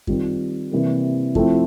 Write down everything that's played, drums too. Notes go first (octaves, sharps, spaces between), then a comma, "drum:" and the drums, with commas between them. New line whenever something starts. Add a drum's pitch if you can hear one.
D#3 G3 C4 F4, drum: kick F#2
C3 E3 G3 A#3
F3 A3 C4 E4, drum: kick F#2